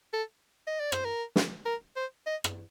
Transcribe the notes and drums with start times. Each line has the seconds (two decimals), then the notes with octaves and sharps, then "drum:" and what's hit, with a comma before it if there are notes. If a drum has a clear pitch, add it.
0.13 A4
0.67 D#5
0.80 D5
0.92 C5, drum: rim click
1.05 A#4
1.36 drum: snare
1.66 A#4
1.96 C5
2.26 D#5
2.44 drum: rim click